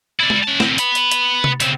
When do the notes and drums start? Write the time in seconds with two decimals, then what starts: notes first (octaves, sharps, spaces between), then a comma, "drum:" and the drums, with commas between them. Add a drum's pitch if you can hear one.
0.20 E4 D5
0.30 drum: tom G#3
0.43 C#4 A5
0.60 A2 C4, drum: snare
0.78 B3 B5, drum: hi-hat
0.95 drum: hi-hat
1.11 drum: hi-hat
1.44 drum: tom C3
1.60 C#3 C4, drum: hi-hat